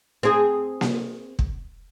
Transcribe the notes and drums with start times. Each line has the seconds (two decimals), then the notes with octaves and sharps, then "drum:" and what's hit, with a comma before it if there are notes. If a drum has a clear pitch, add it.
0.23 C4 G#4
0.81 drum: snare A#3
1.39 drum: kick